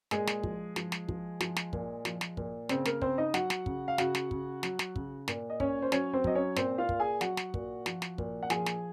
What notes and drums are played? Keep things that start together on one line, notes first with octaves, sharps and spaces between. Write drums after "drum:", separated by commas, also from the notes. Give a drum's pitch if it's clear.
A#2 G#3 G#4, drum: snare
drum: snare
F3, drum: kick
F3, drum: snare
drum: snare
F3, drum: kick
F3, drum: snare
drum: snare
A#2, drum: kick
F3, drum: snare
drum: snare
A#2, drum: kick
C#3 C4 C5, drum: snare
A#3 A#4, drum: snare
C#3 C4 C5, drum: kick
D#4 D#5
F#3 F#4 F#5, drum: snare
drum: snare
C#3, drum: kick
F5
C#3 F#4 F#5, drum: snare
drum: snare
C#3, drum: kick
F#3, drum: snare
drum: snare
C#3, drum: kick
A#2, drum: snare
D#5
A#2 C#4 C#5, drum: kick
C5
F#3 C#4 C#5, drum: snare
C4 C5
F#3 D#5, drum: kick
C#4 C#5
A#2 C4 C5, drum: snare
F4 F5
A#2, drum: kick
G#4 G#5
F#3 F#4 F#5, drum: snare
drum: snare
A#2, drum: kick
F3, drum: snare
drum: snare
A#2, drum: kick
F#5
F3 G#4 G#5, drum: snare
drum: snare